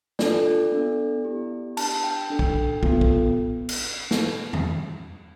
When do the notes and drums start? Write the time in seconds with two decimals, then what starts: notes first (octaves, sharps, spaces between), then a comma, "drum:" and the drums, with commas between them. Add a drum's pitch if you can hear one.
0.19 D4 F4 A4 D5, drum: snare
0.72 B3 D4 A4
1.25 B3 E4 G4
1.77 D4 G4 A5, drum: cymbal
2.04 G5
2.30 D4 A4
2.39 drum: kick
2.83 B3 F4 A4, drum: kick
3.01 drum: kick
3.69 drum: cymbal
4.11 drum: snare
4.53 drum: tom E2